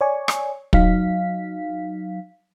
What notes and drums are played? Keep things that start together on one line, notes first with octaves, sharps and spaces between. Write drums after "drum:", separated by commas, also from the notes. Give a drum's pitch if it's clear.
C#5 D5 G#5 C#6
drum: rim click
F#3 D#4 F5 B6, drum: kick